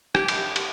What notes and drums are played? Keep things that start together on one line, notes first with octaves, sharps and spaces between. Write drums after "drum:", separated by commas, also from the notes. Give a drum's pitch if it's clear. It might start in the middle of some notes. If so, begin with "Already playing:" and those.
G4, drum: rim click
drum: cymbal
drum: cymbal